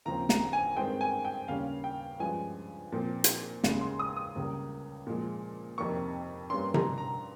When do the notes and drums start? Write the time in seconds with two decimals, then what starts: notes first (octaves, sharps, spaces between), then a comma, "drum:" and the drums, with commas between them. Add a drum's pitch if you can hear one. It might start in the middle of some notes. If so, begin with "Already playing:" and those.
0.05 D#2 C#3 F3 C4 A#5
0.29 A#5, drum: snare
0.53 G#5
0.77 G2 D#3 G#3 C4 G5
1.01 G#5
1.25 G5
1.48 D#2 C#3 G3 C#4 F5
1.84 G5
2.20 G2 F3 G#3 C#4 G#5
2.92 A#2 F3 C4
3.24 drum: hi-hat
3.64 D#2 C#3 G#3 C#4, drum: snare
3.81 C6
3.99 D#6
4.17 D#6
4.35 C#2 C#3 G3 A#3
5.07 A#2 F3 G#3
5.78 F2 C3 D#3 A#3 C#6
6.50 G2 G3 A#3 C#4 C6
6.74 A#5, drum: tom C3
6.98 A#5